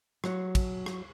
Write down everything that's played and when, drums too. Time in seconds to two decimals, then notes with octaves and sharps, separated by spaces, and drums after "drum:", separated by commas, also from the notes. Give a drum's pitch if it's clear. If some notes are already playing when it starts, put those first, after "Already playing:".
0.24 F#3 F#5, drum: rim click
0.55 drum: kick, cymbal
0.86 drum: rim click